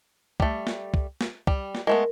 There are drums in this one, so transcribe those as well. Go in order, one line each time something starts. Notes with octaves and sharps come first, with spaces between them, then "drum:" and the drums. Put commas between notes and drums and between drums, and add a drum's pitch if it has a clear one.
G3 A3, drum: kick C2
drum: snare
drum: kick C2
drum: snare
G3, drum: kick C2
drum: snare
G#3 A3 B3 A#4